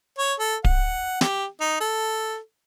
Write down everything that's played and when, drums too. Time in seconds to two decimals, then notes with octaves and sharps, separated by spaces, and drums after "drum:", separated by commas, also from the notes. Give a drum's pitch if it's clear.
0.18 C#5
0.39 A4
0.64 F#5, drum: kick D1
1.21 G4, drum: snare
1.60 D#4
1.80 A4